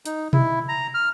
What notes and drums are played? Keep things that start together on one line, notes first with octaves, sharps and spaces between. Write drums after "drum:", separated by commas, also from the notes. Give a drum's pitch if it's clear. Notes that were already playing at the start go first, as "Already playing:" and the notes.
D#4, drum: hi-hat
E4, drum: tom B2
A#5
F6